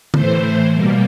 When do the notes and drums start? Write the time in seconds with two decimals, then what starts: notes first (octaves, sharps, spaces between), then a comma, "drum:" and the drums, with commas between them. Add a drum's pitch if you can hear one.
0.14 A2 E3 A3 C5, drum: tom
0.74 B2 G3 A#3